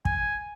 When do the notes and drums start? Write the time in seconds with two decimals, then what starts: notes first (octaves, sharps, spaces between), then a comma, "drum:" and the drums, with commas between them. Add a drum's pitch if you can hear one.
0.05 G#5, drum: kick